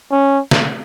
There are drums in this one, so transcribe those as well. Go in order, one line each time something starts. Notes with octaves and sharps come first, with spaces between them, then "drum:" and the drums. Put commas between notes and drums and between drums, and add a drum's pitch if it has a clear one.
C#4
drum: snare